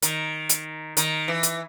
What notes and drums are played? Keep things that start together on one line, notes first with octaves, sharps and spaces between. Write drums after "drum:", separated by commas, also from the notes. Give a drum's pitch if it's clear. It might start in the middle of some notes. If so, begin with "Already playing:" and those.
D#3, drum: hi-hat
drum: hi-hat
D#3, drum: hi-hat
E3
drum: hi-hat